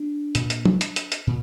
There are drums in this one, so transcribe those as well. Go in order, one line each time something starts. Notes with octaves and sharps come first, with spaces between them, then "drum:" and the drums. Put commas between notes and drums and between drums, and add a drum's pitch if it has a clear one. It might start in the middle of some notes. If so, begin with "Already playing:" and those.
Already playing: D4
A#2, drum: hi-hat
drum: hi-hat
drum: tom
drum: hi-hat
drum: hi-hat
drum: hi-hat
A#2